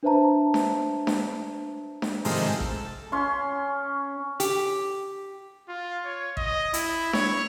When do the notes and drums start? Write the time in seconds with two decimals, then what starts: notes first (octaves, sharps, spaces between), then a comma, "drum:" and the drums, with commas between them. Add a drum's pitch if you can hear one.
0.03 D4 B4 C5 E5 A5 A#5
0.54 drum: snare D4
1.07 drum: snare D4
2.02 drum: snare D4
2.25 G#2 C3 D#3 F3 G#3 A3, drum: open hi-hat
2.60 A4, drum: kick
3.12 C#4 C6 C#6
4.40 G4, drum: hi-hat
5.68 F4
6.05 C#5
6.37 D#5, drum: kick
6.73 E4, drum: hi-hat
7.13 C#5, drum: snare D4